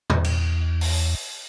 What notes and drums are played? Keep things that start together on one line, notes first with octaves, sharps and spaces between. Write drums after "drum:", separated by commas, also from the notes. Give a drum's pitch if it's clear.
E2, drum: tom
drum: cymbal
drum: open hi-hat